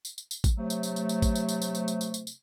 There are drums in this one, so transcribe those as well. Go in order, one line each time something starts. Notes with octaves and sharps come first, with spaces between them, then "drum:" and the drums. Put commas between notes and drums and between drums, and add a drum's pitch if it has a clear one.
drum: tambourine
drum: tambourine
drum: tambourine
drum: kick, tambourine
C3 F#3 A3
drum: tambourine
drum: tambourine
drum: tambourine
drum: tambourine
drum: kick, tambourine
drum: tambourine
drum: tambourine
drum: tambourine
drum: tambourine
drum: tambourine
drum: tambourine
drum: tambourine
drum: tambourine